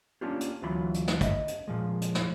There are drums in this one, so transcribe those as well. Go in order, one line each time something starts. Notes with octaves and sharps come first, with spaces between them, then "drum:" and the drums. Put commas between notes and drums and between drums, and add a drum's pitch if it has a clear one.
A#3 C#4 D4 F4 G4
drum: hi-hat
D2 E3 F#3 F4 B5
drum: hi-hat
drum: snare
D#5 E5, drum: kick, hi-hat
drum: hi-hat
A#2 F3 G#3
drum: hi-hat
drum: snare